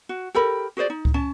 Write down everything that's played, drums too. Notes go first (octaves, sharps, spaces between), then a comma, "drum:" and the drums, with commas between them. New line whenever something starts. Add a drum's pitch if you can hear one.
F#4
G4 A4 A#4 B5
F#4 G#4 C5 D5
D#4
drum: kick C#2
C#4 A5